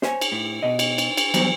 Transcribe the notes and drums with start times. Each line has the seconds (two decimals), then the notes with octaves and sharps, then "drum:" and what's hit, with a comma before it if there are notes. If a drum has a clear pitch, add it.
0.02 C5 C#5 G#5, drum: snare
0.21 drum: cymbal
0.32 A2
0.63 B2 D#5
0.79 drum: cymbal
0.98 drum: cymbal
1.17 drum: cymbal
1.34 E3 F#3 G3 B3 C5, drum: cymbal